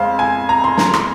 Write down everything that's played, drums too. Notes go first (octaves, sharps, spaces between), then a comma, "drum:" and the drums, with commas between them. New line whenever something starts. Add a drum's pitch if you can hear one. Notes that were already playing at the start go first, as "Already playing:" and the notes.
Already playing: F2 G#3 C5 F5
G#5
A#5
C6
A#5, drum: snare
C6, drum: rim click